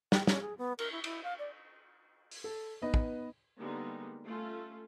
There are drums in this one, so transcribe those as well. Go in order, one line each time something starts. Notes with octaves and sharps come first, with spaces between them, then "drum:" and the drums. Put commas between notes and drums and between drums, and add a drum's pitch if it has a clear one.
G5, drum: snare
C#4, drum: snare
G#4
B3
A#4, drum: cymbal
E4
E4, drum: cymbal
F5
D5
drum: open hi-hat
A4
B3 D#4 B4 D#5
drum: kick
D3 G3 G#3 A#3 B3 D#4
A3 C#4 F4 A4